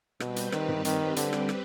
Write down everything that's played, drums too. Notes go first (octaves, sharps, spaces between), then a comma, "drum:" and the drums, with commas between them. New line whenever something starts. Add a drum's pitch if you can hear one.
B2 G3 C4 G4 B4, drum: rim click
drum: hi-hat
D#3, drum: rim click
drum: tom G2
D#3, drum: hi-hat
D3, drum: hi-hat
drum: rim click
drum: rim click